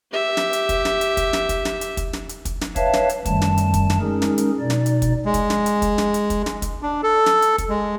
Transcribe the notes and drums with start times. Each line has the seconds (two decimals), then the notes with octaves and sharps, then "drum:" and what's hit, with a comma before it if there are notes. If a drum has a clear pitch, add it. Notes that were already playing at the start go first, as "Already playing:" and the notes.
0.13 G4 E5
0.37 drum: snare
0.53 drum: hi-hat
0.69 drum: kick, hi-hat
0.85 drum: snare
1.01 drum: hi-hat
1.17 drum: kick, hi-hat
1.33 drum: snare
1.49 drum: kick, hi-hat
1.65 drum: snare
1.81 drum: hi-hat
1.97 drum: kick, hi-hat
2.13 drum: snare
2.29 drum: hi-hat
2.45 drum: kick, hi-hat
2.61 drum: snare
2.76 B4 C#5 E5 F5 A5, drum: kick, hi-hat
2.93 drum: snare
3.09 drum: hi-hat
3.25 F#2 D#3 G3 A3 A5, drum: kick, hi-hat
3.41 drum: snare
3.58 drum: hi-hat
3.74 drum: kick, hi-hat
3.90 drum: snare
4.00 G#3 C#4 D#4 G#4 A#4
4.22 drum: snare
4.38 drum: hi-hat
4.60 B2 D#4 D5
4.70 drum: snare
4.86 drum: hi-hat
5.02 drum: kick, hi-hat
5.25 G#3
5.34 drum: kick, hi-hat
5.50 drum: snare
5.66 drum: hi-hat
5.82 drum: kick, hi-hat
5.98 drum: snare
6.14 drum: hi-hat
6.30 drum: kick, hi-hat
6.46 drum: snare
6.62 drum: kick, hi-hat
6.82 D4
7.03 A4
7.26 drum: snare
7.42 drum: hi-hat
7.58 drum: kick, hi-hat
7.69 G#3